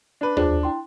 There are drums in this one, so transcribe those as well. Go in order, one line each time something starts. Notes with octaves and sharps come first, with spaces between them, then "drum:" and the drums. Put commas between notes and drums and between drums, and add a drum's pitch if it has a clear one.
D4 B4
D4 F4 G#4 C5, drum: tom D#2
E4 G5 C6